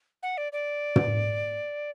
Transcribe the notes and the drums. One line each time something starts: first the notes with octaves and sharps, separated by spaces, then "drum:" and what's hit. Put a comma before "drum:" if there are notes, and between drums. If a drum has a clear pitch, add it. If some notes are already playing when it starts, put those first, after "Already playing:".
F#5
D5
D5
drum: tom